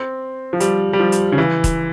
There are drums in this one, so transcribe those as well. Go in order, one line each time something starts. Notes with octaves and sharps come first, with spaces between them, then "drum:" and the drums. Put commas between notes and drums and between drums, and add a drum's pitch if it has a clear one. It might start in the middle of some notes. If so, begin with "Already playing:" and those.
Already playing: C4
F3
G3, drum: hi-hat
G3
F3
drum: hi-hat
C#3
E3
drum: kick, hi-hat